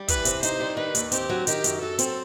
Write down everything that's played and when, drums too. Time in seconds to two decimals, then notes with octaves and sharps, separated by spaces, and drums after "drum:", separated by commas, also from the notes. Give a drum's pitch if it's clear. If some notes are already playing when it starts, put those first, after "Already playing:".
Already playing: G3
0.08 E3 B4, drum: kick, hi-hat
0.25 C3, drum: hi-hat
0.43 D#4 C5, drum: hi-hat
0.60 G3
0.77 D#3 B4
0.95 D#2, drum: hi-hat
1.12 C4 G4, drum: hi-hat
1.30 F#3
1.47 D#3 G4, drum: hi-hat
1.64 F#2, drum: hi-hat
1.81 F#3 A4
1.99 C4, drum: hi-hat